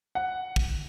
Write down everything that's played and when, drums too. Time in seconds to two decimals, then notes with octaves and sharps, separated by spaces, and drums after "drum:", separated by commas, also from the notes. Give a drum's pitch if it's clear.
0.15 F#5
0.56 drum: kick